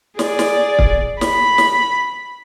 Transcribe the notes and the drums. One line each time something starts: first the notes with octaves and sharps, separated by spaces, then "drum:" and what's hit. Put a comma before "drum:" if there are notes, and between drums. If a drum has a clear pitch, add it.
G#4 D5, drum: snare
drum: snare
drum: kick
B5, drum: snare
drum: snare